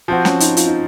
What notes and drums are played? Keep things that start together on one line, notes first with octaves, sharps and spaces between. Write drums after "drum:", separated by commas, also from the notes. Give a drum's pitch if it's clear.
F3 C4 F#4
C#4, drum: snare
D#4, drum: hi-hat
F4, drum: hi-hat
D#4